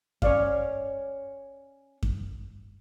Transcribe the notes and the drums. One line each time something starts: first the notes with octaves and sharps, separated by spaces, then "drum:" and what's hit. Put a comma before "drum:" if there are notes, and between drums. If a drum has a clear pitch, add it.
C#4 C#5 D5 F5, drum: kick F#2
drum: kick F#2